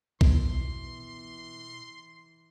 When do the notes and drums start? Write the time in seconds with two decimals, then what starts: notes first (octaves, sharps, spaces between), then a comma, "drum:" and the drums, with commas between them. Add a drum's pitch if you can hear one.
0.21 B2 E3 C6, drum: kick A#1